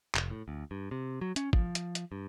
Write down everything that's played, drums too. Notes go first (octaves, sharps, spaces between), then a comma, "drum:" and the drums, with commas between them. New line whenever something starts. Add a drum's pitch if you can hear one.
F1, drum: clap
A2
D2
G2
C3
F#3
C#4, drum: hi-hat
F3, drum: kick
drum: hi-hat
drum: hi-hat
G2